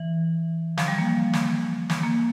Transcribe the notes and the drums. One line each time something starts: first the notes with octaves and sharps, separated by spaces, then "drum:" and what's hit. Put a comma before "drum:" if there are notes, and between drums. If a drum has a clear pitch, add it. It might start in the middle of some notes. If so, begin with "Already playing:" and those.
Already playing: E3
F3, drum: snare
G3
A#3
drum: snare
drum: snare
A#3